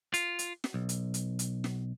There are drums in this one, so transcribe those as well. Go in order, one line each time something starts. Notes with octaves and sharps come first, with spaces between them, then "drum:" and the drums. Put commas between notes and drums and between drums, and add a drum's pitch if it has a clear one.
F4, drum: hi-hat
drum: hi-hat
drum: snare
B1
drum: hi-hat
drum: hi-hat
drum: hi-hat
drum: snare